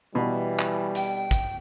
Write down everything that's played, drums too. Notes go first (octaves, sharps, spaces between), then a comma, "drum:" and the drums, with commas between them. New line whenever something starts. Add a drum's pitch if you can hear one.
B2 E3 G3
drum: clap
G5, drum: hi-hat
drum: kick, hi-hat